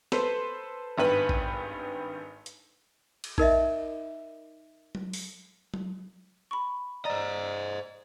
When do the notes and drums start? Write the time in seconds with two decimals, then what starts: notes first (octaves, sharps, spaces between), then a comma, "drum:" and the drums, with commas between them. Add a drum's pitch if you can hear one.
0.12 A4 B4 C5, drum: snare
0.98 G#1 G2 B3 B4 B5
1.29 drum: kick A#1
2.46 drum: hi-hat
3.24 drum: cymbal
3.38 D#4 A#4 D#5 E5, drum: kick A#1
4.95 drum: tom F#3
5.13 drum: open hi-hat
5.74 drum: tom F#3
6.51 B5 C#6
7.05 C5 D5 D#5 A#5